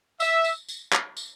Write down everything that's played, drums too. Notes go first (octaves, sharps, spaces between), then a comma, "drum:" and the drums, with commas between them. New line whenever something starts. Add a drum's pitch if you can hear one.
E5, drum: tambourine
drum: tambourine
drum: tambourine
drum: clap
drum: tambourine